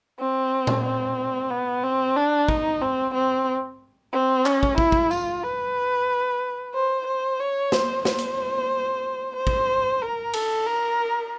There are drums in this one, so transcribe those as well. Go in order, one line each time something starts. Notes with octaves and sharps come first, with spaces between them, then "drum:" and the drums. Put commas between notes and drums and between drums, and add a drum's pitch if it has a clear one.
C4
drum: tom A#2
C4
B3
C4
D4
D#4, drum: kick
C4
C4
C4
C#4, drum: clap
drum: kick
E4, drum: kick
drum: kick
F4, drum: tambourine
B4
C5
C5
C#5
C5, drum: snare
C5, drum: snare
drum: hi-hat
C5
drum: kick
A#4
A4, drum: cymbal
A#4